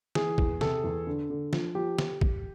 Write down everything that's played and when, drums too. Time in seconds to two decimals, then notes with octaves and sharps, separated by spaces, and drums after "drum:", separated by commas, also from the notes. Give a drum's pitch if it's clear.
0.15 E3 G#4, drum: snare
0.38 E2, drum: kick
0.61 C3 A4, drum: snare
0.84 E2
1.07 D3
1.30 D3
1.53 F3, drum: snare
1.75 F3 G4
1.99 drum: snare
2.21 drum: kick